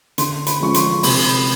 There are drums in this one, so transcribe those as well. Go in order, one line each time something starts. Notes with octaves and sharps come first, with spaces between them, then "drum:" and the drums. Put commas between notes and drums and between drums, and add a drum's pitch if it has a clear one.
D3 C6, drum: hi-hat
B5, drum: hi-hat
F3 G#3 C#4 C#6
C6, drum: hi-hat
C3 B5, drum: open hi-hat
B5